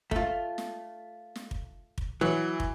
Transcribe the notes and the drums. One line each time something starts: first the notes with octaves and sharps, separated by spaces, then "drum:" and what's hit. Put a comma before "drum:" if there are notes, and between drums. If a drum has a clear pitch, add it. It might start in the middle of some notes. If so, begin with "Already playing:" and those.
A3 F4, drum: kick
drum: snare
drum: snare
drum: kick
drum: kick
E3 F#3
drum: kick